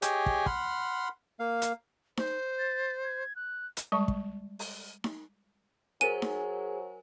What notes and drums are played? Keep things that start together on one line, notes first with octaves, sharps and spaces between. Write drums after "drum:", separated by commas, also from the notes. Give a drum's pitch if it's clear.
G4 G#4 C#5 D#5 G5 G#5, drum: hi-hat
drum: kick
F#5 B5 C6 F6, drum: kick
A#3 F5
drum: hi-hat
C5, drum: snare D#4
A6
G#6
F#6
drum: hi-hat
G3 G#3 A5 C#6
drum: kick
drum: open hi-hat
drum: snare D#4
F#3 G#4 A#4 C5 G#5 D#7
drum: snare D#4